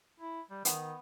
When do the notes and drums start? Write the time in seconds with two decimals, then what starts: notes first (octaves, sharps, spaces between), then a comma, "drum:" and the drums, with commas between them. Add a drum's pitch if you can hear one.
0.20 E4
0.51 G3
0.65 D#3 B3, drum: hi-hat